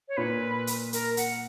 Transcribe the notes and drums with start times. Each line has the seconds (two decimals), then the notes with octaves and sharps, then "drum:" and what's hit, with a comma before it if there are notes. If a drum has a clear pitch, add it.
0.08 C#5
0.17 A#2 B4
0.67 drum: hi-hat
0.93 A#4, drum: hi-hat
1.17 F#5, drum: hi-hat